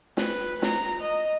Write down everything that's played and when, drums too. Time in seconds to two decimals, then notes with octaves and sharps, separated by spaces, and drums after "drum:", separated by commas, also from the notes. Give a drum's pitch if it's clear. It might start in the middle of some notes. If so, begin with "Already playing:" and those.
0.17 B4, drum: snare
0.62 A#5, drum: snare
1.01 D#5